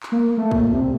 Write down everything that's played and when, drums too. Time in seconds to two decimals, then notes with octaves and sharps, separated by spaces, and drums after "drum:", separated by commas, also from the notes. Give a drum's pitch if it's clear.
0.03 drum: clap
0.12 A#3
0.37 A3
0.51 A#2, drum: kick
0.73 C3